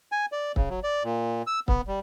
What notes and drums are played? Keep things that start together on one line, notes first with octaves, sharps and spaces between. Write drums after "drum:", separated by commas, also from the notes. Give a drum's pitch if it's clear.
G#5
D5
C#3, drum: kick
F#3
D5
A#2
E6
B3, drum: kick
G3